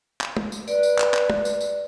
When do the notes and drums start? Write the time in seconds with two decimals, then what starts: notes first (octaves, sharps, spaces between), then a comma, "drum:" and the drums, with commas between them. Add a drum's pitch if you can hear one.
0.21 drum: clap
0.37 drum: tom
0.52 drum: tambourine
0.68 B4 D5, drum: tambourine
0.83 drum: tambourine
0.99 drum: clap
1.14 drum: clap
1.30 drum: tom
1.45 drum: tambourine
1.61 drum: tambourine